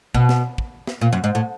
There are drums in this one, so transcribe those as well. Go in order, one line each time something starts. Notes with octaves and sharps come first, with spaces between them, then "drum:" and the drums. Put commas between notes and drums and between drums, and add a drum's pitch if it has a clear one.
B2, drum: kick
drum: snare
drum: kick
drum: snare
A#2
F#2
G#2
A2